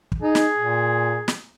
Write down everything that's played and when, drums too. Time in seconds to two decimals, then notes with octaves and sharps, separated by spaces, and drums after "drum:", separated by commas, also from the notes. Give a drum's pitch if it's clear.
0.12 drum: kick
0.22 D#4 G#4
0.35 drum: snare
0.58 A#2
1.28 drum: snare